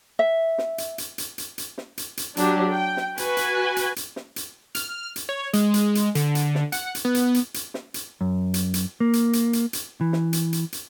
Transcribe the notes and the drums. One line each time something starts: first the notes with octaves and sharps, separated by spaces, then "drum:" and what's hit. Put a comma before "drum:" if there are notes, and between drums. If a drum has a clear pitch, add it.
E5
drum: snare
drum: hi-hat
drum: hi-hat
drum: hi-hat
drum: hi-hat
drum: hi-hat
drum: snare
drum: hi-hat
drum: hi-hat
F#3 D4 G4, drum: hi-hat
G5
drum: snare
F#4 B4 G#5, drum: hi-hat
drum: hi-hat
drum: hi-hat
drum: hi-hat
drum: snare
drum: hi-hat
F6, drum: hi-hat
drum: hi-hat
C#5
G#3, drum: hi-hat
G#3, drum: hi-hat
drum: hi-hat
D3, drum: hi-hat
drum: hi-hat
drum: snare
F#5, drum: hi-hat
drum: hi-hat
B3
drum: hi-hat
drum: hi-hat
drum: hi-hat
drum: snare
drum: hi-hat
F#2
drum: hi-hat
drum: hi-hat
A#3
drum: hi-hat
drum: hi-hat
drum: hi-hat
drum: hi-hat
E3
drum: snare
drum: hi-hat
drum: hi-hat
drum: hi-hat